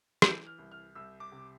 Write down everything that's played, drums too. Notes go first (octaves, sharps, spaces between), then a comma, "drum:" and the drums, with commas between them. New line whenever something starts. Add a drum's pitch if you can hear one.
E3 G6, drum: rim click
F6
C2
F6
C2 E6
D6
C3